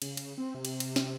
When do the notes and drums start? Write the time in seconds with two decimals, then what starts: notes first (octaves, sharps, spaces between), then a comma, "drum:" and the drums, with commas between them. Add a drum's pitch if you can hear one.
0.02 C#3, drum: cymbal
0.17 drum: cymbal
0.38 C4
0.55 C3
0.65 drum: cymbal
0.80 drum: cymbal
0.96 drum: snare